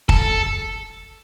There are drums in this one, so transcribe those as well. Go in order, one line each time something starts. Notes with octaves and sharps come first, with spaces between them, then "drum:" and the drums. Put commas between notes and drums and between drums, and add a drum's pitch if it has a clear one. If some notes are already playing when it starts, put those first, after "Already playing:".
A4, drum: kick